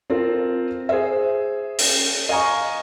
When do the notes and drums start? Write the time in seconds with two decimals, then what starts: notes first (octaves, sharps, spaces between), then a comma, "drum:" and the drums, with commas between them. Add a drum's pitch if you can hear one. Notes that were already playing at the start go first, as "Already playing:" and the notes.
0.10 C4 F4 A4 A#4 C5
0.89 G#4 C5 E5
1.79 drum: open hi-hat
2.29 D#5 F5 G#5 A#5 C#6